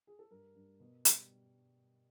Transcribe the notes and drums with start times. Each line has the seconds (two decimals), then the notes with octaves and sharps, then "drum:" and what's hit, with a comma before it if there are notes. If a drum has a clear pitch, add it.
0.07 G#4
0.19 A4
0.31 G2 A#4
0.55 G2
0.80 B2
1.05 G3, drum: hi-hat